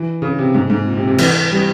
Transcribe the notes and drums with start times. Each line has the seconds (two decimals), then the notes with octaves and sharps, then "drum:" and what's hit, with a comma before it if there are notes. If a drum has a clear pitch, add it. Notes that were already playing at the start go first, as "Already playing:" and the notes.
Already playing: E3
0.22 C#3
0.39 C3
0.55 G#2
0.70 G#2
0.87 A#2
0.97 C3
1.07 C3
1.18 E3, drum: cymbal
1.51 G3